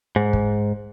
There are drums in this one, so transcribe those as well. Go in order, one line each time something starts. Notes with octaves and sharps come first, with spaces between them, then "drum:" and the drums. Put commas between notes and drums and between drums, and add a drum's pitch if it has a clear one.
G#2
drum: kick